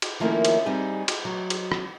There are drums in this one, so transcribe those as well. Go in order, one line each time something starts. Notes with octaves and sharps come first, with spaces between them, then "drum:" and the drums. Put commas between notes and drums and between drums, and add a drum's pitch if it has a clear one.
drum: cymbal
D#3 F3 A3 A#3 C#4 E4
drum: cymbal
G3 C4 D#4 G4 G#4
drum: cymbal
F#3
drum: cymbal
drum: rim click